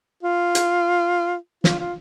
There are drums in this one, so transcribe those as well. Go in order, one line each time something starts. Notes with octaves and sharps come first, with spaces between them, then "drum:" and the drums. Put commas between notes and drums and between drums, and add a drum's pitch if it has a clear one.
F4
drum: hi-hat
F4, drum: snare
F4